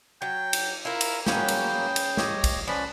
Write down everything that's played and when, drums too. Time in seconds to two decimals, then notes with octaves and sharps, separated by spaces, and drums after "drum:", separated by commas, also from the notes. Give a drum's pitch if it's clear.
0.22 F#3 G5
0.53 drum: cymbal
0.85 E4 F4 A#4
1.01 drum: cymbal
1.26 F#3 A#3 C#4 G#4 B4 G5, drum: snare
1.48 drum: cymbal
1.96 drum: cymbal
2.17 G4 C#5 D#5, drum: snare
2.44 drum: kick, cymbal
2.68 F3 C#4 B4 D5 B5